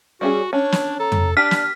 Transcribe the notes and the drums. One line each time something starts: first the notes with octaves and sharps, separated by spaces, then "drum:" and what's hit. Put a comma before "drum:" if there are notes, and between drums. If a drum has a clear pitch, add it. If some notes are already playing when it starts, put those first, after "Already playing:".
G3 C#4 F#4 G#4
C#4 D4 C#5
drum: snare
A4 A#5
drum: tom
D4 G4 D5 F6 B6
drum: snare